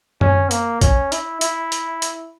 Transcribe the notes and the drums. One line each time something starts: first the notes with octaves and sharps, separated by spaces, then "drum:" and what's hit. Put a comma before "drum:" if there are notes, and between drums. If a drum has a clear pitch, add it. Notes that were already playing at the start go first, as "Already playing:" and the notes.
C#4, drum: tom F#2
A#3, drum: hi-hat
C#4, drum: kick A#1, hi-hat
E4, drum: hi-hat
E4, drum: hi-hat
drum: hi-hat
drum: hi-hat